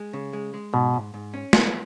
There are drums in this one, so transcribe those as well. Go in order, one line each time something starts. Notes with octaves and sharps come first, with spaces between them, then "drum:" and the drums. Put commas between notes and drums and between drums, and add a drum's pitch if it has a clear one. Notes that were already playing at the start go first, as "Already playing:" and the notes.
Already playing: G#3
C#3
G#3
G#3
G#2 B2
G#2
G#2
C#4
B3, drum: snare